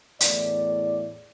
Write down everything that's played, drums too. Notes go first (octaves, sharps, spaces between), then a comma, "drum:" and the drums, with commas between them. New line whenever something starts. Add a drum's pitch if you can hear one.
E2 A2 D5, drum: hi-hat